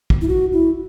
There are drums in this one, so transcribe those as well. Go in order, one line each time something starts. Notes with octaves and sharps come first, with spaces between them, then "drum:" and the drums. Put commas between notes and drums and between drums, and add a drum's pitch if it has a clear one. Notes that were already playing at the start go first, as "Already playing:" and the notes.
drum: kick
E4
F#4
E4